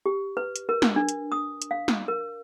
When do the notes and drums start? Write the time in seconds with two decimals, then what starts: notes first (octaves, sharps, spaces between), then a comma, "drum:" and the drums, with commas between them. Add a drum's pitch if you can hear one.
0.06 G4
0.37 B4
0.56 drum: hi-hat
0.69 A#4
0.82 drum: snare
0.96 D4
1.09 drum: hi-hat
1.32 D#6
1.62 drum: hi-hat
1.71 F5
1.88 drum: snare
2.08 A#4